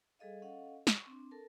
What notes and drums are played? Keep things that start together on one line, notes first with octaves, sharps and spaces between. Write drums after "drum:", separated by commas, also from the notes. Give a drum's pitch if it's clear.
G3 G#4 A4 D#5 F5
C#4 A4 D#5 F5 F#5
C#6, drum: snare
C4 D4
A4 A#4 A5